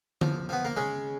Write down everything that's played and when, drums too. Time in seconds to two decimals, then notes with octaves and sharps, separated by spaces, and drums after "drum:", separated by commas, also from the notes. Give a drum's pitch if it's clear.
0.21 F3, drum: tom D3
0.49 F3 B3
0.65 A#3
0.77 C#3 G#3